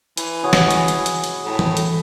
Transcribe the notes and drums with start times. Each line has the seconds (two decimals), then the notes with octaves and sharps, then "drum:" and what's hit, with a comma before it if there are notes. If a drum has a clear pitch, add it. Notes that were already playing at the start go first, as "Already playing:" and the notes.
0.17 E3, drum: hi-hat
0.43 F#4 G#4 C#5
0.53 drum: snare
0.71 drum: hi-hat
0.88 drum: hi-hat
1.06 drum: hi-hat
1.24 drum: hi-hat
1.45 A2
1.59 drum: tom E3
1.77 drum: hi-hat